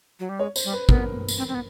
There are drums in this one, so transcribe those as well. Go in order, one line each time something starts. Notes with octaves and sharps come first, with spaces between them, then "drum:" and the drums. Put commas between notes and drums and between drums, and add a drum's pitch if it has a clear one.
F#3
G3
G#3 C#5
C5, drum: tambourine
G3
B4
B3 A#4, drum: kick
drum: tambourine
C4
C4
B3